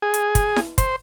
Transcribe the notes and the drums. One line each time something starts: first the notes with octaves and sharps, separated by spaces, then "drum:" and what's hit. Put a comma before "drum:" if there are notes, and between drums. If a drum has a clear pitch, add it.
G#4
drum: hi-hat
drum: kick, hi-hat
drum: snare E4
C5, drum: kick, hi-hat